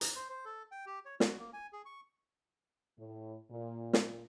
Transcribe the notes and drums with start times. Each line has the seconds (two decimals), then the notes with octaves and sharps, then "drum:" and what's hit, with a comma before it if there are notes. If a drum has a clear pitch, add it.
0.01 A#5, drum: hi-hat
0.15 C5
0.29 C5
0.45 A4
0.72 G5
0.86 G4
1.05 C#5
1.20 F#4, drum: snare
1.39 A#3
1.53 G#5
1.73 G#4
1.85 C#6
2.98 A2
3.50 A#2
3.93 A#2, drum: snare